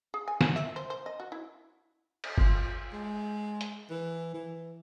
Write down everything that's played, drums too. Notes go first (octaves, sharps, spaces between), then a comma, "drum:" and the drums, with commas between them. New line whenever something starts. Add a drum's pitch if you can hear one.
G#4
G#5
C#5, drum: snare
E5
C5
C5
D#5
F#4
E4
drum: cymbal
F4, drum: kick F#1
G#3
drum: hi-hat
E3
E3